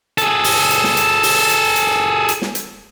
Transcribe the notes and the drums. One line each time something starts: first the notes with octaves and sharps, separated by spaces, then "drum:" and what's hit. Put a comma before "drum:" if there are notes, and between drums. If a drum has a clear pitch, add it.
G#4 A4, drum: hi-hat
drum: open hi-hat
drum: hi-hat
drum: snare
drum: hi-hat
drum: open hi-hat
drum: hi-hat
drum: hi-hat
drum: hi-hat
drum: snare
drum: hi-hat